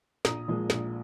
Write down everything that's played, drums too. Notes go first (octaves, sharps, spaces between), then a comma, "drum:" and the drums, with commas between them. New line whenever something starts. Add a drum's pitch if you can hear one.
A#1 A#5 D#6, drum: snare
A#2 F3 G#3
A#1, drum: snare